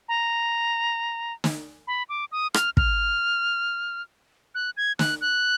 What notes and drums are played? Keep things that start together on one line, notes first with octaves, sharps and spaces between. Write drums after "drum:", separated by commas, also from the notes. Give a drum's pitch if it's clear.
A#5
drum: snare
B5
D6
D#6
F6, drum: rim click
F6, drum: kick
F#6
G#6
F#6, drum: snare
F#6